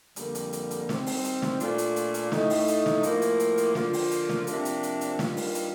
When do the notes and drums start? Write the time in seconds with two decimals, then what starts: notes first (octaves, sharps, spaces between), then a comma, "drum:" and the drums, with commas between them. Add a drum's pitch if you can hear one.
0.16 F2 D3 G3 A#3, drum: hi-hat
0.35 drum: hi-hat
0.53 drum: hi-hat
0.71 drum: hi-hat
0.89 D#3 G3 C4, drum: snare
1.06 drum: open hi-hat
1.24 drum: hi-hat
1.42 drum: snare
1.60 A#2 A3 D4 F4, drum: hi-hat
1.78 drum: hi-hat
1.96 drum: hi-hat
2.14 drum: hi-hat
2.32 A2 A3 D#4, drum: snare
2.50 drum: open hi-hat
2.68 drum: hi-hat
2.86 drum: snare
3.03 A2 F3 A#3, drum: hi-hat
3.22 drum: hi-hat
3.40 drum: hi-hat
3.57 drum: hi-hat
3.75 D3 F3 A#3 F4, drum: snare
3.93 drum: open hi-hat
4.11 drum: hi-hat
4.29 drum: snare
4.47 C3 F3 A#3 D4, drum: hi-hat
4.65 drum: hi-hat
4.83 drum: hi-hat
5.01 drum: hi-hat
5.19 G2 D#3 A#3 F4, drum: snare
5.37 drum: open hi-hat
5.55 drum: hi-hat